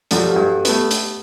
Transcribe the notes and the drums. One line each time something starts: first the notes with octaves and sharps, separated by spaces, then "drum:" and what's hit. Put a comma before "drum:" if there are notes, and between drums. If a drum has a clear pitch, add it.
F#2 F3 G3 G4 A4, drum: hi-hat
G2 F#4
A3 B3, drum: hi-hat
drum: hi-hat